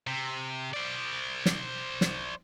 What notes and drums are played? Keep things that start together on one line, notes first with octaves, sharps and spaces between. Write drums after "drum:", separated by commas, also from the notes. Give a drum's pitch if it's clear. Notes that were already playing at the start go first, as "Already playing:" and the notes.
C3
C5 D5
drum: snare
drum: snare